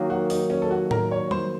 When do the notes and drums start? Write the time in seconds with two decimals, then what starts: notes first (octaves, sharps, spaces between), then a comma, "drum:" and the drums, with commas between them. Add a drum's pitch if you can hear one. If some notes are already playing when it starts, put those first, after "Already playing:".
Already playing: D#3 F#3 A#3
0.10 F#4
0.30 D#4, drum: open hi-hat
0.50 C#4
0.62 A4
0.71 F#4
0.91 A#4, drum: tom A2
1.11 C#5
1.31 C5, drum: tom G3